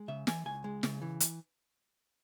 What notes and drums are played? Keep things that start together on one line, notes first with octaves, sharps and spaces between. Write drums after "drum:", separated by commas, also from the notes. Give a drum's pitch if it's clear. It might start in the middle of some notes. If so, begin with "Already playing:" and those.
Already playing: G#3
C#3 E5
E3 G#5, drum: snare
C#2 G#5
G#3
C#3, drum: snare
E3
drum: hi-hat